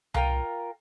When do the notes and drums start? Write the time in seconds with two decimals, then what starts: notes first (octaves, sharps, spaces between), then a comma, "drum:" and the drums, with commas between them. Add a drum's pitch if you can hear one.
0.14 F4 A#4 G5 A#5, drum: tom C2